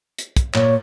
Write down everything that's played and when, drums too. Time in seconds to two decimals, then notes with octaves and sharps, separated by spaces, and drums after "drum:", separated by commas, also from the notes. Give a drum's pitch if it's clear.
0.19 drum: hi-hat
0.36 drum: kick, hi-hat
0.54 A#2 C#5, drum: clap